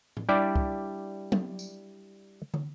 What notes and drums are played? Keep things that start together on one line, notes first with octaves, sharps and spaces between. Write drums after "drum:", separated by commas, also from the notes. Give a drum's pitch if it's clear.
drum: tom A2
G3 D4 E4 G4 D5
drum: kick
drum: tom F#3
drum: tambourine
drum: tom